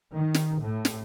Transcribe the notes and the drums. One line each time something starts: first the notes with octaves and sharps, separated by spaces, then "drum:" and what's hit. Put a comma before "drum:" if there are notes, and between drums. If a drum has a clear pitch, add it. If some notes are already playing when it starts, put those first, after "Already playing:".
D#3
drum: snare
A2
drum: snare